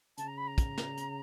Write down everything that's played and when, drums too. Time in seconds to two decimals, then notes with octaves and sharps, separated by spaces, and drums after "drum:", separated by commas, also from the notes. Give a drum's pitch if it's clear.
0.18 C#3 A5, drum: hi-hat
0.27 A#5
0.37 B5
0.47 A#5
0.58 drum: kick, hi-hat
0.78 drum: snare
0.97 drum: hi-hat